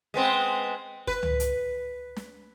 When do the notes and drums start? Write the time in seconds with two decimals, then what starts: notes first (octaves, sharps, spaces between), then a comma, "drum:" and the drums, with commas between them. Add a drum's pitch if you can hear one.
0.14 G#3 B3 C4
1.07 B4, drum: kick
1.23 drum: tom C#2
1.40 drum: hi-hat
2.16 drum: snare